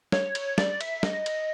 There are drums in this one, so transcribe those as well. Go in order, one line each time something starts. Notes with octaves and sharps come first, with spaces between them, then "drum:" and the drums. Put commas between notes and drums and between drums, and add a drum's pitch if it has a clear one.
C#5, drum: snare
drum: cymbal
D5, drum: snare
E5, drum: cymbal
D#5, drum: snare
drum: cymbal